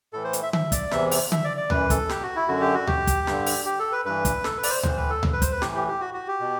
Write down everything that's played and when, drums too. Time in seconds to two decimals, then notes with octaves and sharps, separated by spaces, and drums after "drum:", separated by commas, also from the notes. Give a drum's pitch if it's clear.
0.13 A2 E3 A4
0.24 C5
0.33 drum: hi-hat
0.43 E5
0.53 E5, drum: tom D3
0.72 D5, drum: kick, hi-hat
0.91 E2 C3 E3 E5, drum: snare
1.12 drum: open hi-hat
1.32 E5, drum: tom D3
1.44 D5
1.57 D5
1.70 F#2 E3 B4, drum: tom D2
1.90 A4, drum: kick, hi-hat
2.09 G4, drum: snare
2.23 F#4
2.36 E4
2.48 F#2 D3 F#4
2.61 G4
2.74 F#4
2.87 G4, drum: tom D2
3.07 drum: kick, hi-hat
3.27 G2 D3, drum: snare
3.46 drum: open hi-hat
3.65 G4
3.79 A4
3.92 B4
4.05 G2 E3 B4
4.25 drum: kick, hi-hat
4.44 A4, drum: snare
4.58 B4
4.63 D5, drum: open hi-hat
4.70 C5
4.83 A2 E3 C5, drum: tom D2
4.97 B4
5.10 A4
5.23 drum: tom D2
5.33 B4
5.42 C5, drum: kick, hi-hat
5.52 B4
5.62 A2 E3 G4, drum: snare
5.75 G4
5.88 G4
6.01 F#4
6.14 F#4
6.28 G4
6.40 B2